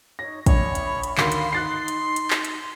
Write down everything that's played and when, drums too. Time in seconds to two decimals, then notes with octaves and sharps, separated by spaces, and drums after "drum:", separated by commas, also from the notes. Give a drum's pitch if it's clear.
0.19 D#4 C#5 A#6
0.46 A#1 C#5 B5 C#6, drum: kick, hi-hat
0.75 drum: hi-hat
1.03 drum: hi-hat
1.18 D2 D#3 F5 B5 C6, drum: clap
1.32 drum: hi-hat
1.53 D#4 F#6 A6 C7
1.88 drum: hi-hat
2.16 drum: hi-hat
2.30 drum: clap
2.45 drum: hi-hat